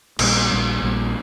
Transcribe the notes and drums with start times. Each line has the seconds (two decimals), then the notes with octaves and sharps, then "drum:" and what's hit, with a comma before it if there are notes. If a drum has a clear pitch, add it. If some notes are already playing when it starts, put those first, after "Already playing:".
0.19 A#1 A#2 G3, drum: cymbal
0.51 A#1 A#2 G3
0.82 A#1 A#2 G3